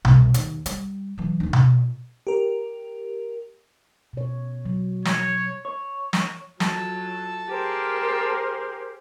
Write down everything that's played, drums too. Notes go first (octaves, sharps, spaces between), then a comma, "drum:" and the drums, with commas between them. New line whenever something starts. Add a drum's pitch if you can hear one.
C2 C3, drum: tom B2
D#2, drum: hi-hat
G3, drum: hi-hat
E3 F#3
D#2 D4
drum: tom B2
G4 A#4
B2 C#5
F#3
C#5, drum: snare
C#5
drum: snare
F#3 F4 A4 A5 E6, drum: snare
G4 G#4 A#4 C5